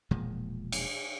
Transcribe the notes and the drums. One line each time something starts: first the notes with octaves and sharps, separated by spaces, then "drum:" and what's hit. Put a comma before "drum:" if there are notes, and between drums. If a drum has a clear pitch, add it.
E1 A#2 F3 G#3
drum: cymbal